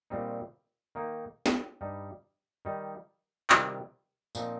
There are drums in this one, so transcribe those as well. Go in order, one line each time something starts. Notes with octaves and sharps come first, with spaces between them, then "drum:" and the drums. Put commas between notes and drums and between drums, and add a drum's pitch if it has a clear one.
A#2 G3 C4 D#4
D#3 A#3 D#4
drum: snare
G2 G3 D#4
D#3 G3 D#4
C3 D#3 G3, drum: clap
A#2 F3 C4 D#4, drum: tambourine